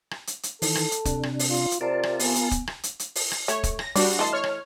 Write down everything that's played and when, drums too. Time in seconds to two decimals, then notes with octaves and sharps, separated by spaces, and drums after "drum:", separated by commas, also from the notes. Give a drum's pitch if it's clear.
0.11 drum: rim click
0.27 drum: hi-hat
0.43 drum: hi-hat
0.62 D#3 E3 A4, drum: open hi-hat
0.75 drum: rim click
0.91 drum: hi-hat
1.05 C3 D4, drum: kick, hi-hat
1.23 drum: rim click
1.39 drum: open hi-hat
1.50 F4
1.71 drum: hi-hat
1.81 C3 F4 A#4 C5 D5 A5
2.03 drum: rim click
2.19 B3 G#5, drum: open hi-hat
2.35 drum: hi-hat
2.51 drum: kick, hi-hat
2.67 drum: rim click
2.83 drum: hi-hat
2.99 drum: hi-hat
3.15 drum: open hi-hat
3.31 drum: rim click
3.48 A3 C#5, drum: hi-hat
3.63 drum: kick, hi-hat
3.79 A#6, drum: rim click
3.96 G3 D4 F#4 D5, drum: open hi-hat
4.19 E3 A3 D#5 A5 C6
4.33 C#5 F6
4.44 drum: rim click